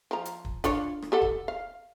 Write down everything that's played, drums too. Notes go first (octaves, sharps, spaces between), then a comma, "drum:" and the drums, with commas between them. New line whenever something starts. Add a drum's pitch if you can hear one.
F3 A#5
drum: hi-hat
drum: kick
D4 F4 C#5, drum: kick, hi-hat
drum: rim click
G4 A4 F#5
drum: kick
F5